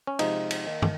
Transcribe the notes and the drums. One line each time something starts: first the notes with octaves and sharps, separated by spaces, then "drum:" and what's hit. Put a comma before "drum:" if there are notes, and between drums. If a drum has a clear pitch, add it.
C#4
C3 F3 G#3 D#4, drum: cymbal
drum: cymbal
D#3 A#3
drum: tom